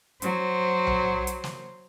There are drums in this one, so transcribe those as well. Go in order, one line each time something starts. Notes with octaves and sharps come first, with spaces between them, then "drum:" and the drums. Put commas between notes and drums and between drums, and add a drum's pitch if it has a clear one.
F#3 C5, drum: hi-hat
drum: tom B1
drum: hi-hat
drum: snare